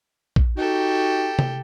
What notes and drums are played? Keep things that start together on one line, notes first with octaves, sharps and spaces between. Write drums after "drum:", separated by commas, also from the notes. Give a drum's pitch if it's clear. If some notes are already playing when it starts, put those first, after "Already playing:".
drum: kick A#1
D#4 F#4 G4 A4
drum: tom C3